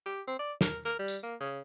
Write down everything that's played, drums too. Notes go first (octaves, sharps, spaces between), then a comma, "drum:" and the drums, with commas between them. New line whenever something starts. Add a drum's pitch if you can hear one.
G4
C4
D5
A#4, drum: snare
A#4
G3
drum: tambourine
A#3
C#3